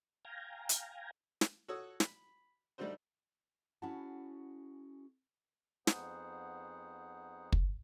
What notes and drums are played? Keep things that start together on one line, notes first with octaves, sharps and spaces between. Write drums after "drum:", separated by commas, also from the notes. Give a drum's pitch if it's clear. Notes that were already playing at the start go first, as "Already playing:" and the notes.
F5 G5 G#5 A#5
drum: hi-hat
drum: snare
F#4 A4 C#5 D#6 E6
B5, drum: snare
G3 A3 D4 D#4 F#4 C5
C#4 E4 F#4 G#4 F#5 A5
F2 B3 D#4 G#4 C5 F#5, drum: snare
drum: kick